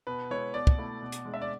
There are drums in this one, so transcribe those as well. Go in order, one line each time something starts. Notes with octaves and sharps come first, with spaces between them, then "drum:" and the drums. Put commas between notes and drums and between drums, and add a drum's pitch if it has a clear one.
B2 B4
G#3 B3 E4 C#5
B2 D5
drum: kick
A3 E4
B2
drum: hi-hat
G#3 D4
E5
D5